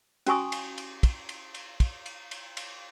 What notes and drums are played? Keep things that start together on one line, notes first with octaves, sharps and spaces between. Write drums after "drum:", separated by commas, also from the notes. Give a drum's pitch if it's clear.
C#4 F#4 G#5 C#6 D#6, drum: cymbal
drum: cymbal
drum: cymbal
drum: kick, cymbal
drum: cymbal
drum: cymbal
drum: kick, cymbal
drum: cymbal
drum: cymbal
drum: cymbal